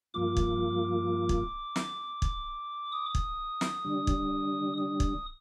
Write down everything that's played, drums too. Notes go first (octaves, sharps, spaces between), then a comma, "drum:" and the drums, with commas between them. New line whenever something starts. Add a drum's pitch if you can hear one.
G2 F3 A#3 F4 D6
drum: kick
drum: kick
drum: snare
drum: kick
D#6
drum: kick
drum: snare
D3 G3 D4
drum: kick
D#6
drum: kick